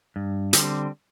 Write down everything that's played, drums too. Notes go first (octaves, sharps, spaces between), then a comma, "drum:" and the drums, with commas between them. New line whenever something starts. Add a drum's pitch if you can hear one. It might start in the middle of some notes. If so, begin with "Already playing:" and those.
G2
D3 G3 C4, drum: hi-hat